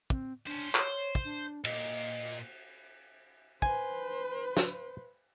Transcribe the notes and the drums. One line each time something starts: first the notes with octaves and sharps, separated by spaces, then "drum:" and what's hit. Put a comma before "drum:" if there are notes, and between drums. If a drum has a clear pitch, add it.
C4, drum: kick
C#4 D4 C5
C5 C#5, drum: clap
drum: kick
D4
A#2 D#5, drum: cymbal
B4 C5 G#5, drum: kick
drum: snare